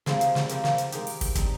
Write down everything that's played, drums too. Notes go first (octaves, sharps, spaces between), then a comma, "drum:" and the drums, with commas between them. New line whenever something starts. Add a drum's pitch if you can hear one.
C3 F3 G#3 C4 D#4, drum: snare
drum: hi-hat
drum: snare
F3 C4 G4 A#4, drum: hi-hat
drum: snare
drum: hi-hat
D#3 G#3 D#4 G4, drum: hi-hat
drum: open hi-hat
drum: kick, open hi-hat
G3 C4 D#4, drum: kick, hi-hat